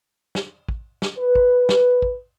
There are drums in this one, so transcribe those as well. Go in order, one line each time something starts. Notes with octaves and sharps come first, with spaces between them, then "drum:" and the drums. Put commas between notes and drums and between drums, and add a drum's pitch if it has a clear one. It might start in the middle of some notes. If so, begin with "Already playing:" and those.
drum: snare
drum: kick
drum: snare
B4
drum: kick
drum: snare
drum: kick